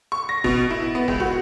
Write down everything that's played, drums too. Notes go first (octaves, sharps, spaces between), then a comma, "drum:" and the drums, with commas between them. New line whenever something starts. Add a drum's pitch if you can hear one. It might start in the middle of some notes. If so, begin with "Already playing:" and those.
C#6
A#6
B2, drum: kick
E4
B3
C#2, drum: kick
F#4